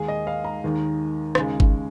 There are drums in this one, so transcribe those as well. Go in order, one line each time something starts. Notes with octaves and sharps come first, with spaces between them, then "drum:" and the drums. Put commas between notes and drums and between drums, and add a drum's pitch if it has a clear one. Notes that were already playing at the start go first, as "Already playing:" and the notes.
Already playing: D#2 D#3 G#3 G#4
D#5
F5
A#5
D#2 D#3 G#3
D#2 C#3 G#3, drum: rim click
drum: kick